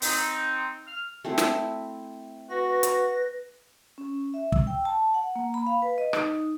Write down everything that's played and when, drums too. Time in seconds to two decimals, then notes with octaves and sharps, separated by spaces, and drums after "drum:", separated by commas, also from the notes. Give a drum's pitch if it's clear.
0.02 C4 D#4, drum: open hi-hat
0.88 F6
1.25 A3 C4 E4
1.38 drum: snare
2.50 F#4 B4 A#6
2.83 drum: hi-hat
3.98 C#4
4.34 E5
4.52 E6, drum: kick
4.67 G5
4.85 A5
5.14 F#5
5.36 A#3
5.54 B5
5.67 F5
5.82 B4
5.98 D#5
6.13 D#4, drum: rim click